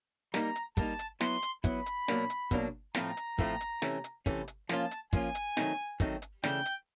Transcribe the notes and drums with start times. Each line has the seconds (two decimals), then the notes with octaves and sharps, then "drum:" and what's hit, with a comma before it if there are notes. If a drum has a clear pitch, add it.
0.34 G3 A#3 D#4 A#5, drum: snare
0.55 drum: hi-hat
0.77 G3 A#3 D#4 A5, drum: kick, hi-hat
0.99 drum: hi-hat
1.21 F#3 B3 E4 C6, drum: snare
1.43 drum: hi-hat
1.64 F#3 B3 E4 B5, drum: kick, hi-hat
1.86 drum: hi-hat
2.08 B2 F#3 A#3 D4, drum: snare
2.30 drum: hi-hat
2.51 B2 F#3 A#3 D4, drum: kick, hi-hat
2.95 A2 F3 A3 C4 F4 A#5, drum: snare
3.17 drum: hi-hat
3.39 A2 F3 A3 C4 F4, drum: kick
3.60 drum: hi-hat
3.82 C3 E3 A3 C#4, drum: snare
4.04 drum: hi-hat
4.26 C3 E3 A3 C#4, drum: kick, hi-hat
4.48 drum: hi-hat
4.69 F3 A#3 C#4 F4 A5, drum: snare
4.91 drum: hi-hat
5.13 F3 A#3 C#4 F4 G#5, drum: kick, hi-hat
5.35 drum: hi-hat
5.57 D#3 F#3 A3 C4 D#4, drum: snare
6.00 D#3 F#3 A3 C4 D#4, drum: kick, hi-hat
6.22 drum: hi-hat
6.43 C#3 E3 A3 D4 G5, drum: snare
6.65 drum: hi-hat